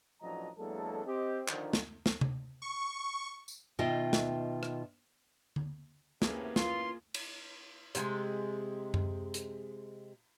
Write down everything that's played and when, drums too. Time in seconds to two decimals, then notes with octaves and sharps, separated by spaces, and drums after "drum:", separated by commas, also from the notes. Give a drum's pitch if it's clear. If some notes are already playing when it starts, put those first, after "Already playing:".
0.21 A1 F3 F#3 D4 D#5 A#5
0.58 E2 F#3 G#3 A#3 D4 A4
1.05 C4 G4 D#5
1.48 D3 D#3 F3, drum: clap
1.73 drum: snare
2.06 drum: snare
2.21 drum: tom C3
2.62 C#6
3.48 drum: tambourine
3.79 B2 D#3 F4 D#5 E5 G5
4.13 drum: snare
4.63 drum: rim click
5.56 drum: tom D3
6.22 F#2 A2 C3 E3 A#3 B3 C#4 G#4, drum: snare
6.56 F4 C6, drum: snare
7.14 drum: cymbal
7.95 C3 F#3 G#3, drum: hi-hat
8.94 drum: tom F#2
9.34 drum: hi-hat